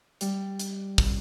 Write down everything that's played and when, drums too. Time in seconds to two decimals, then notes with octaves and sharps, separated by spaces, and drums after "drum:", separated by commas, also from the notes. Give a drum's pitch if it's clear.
0.21 G3, drum: hi-hat
0.59 drum: hi-hat
0.98 drum: kick, open hi-hat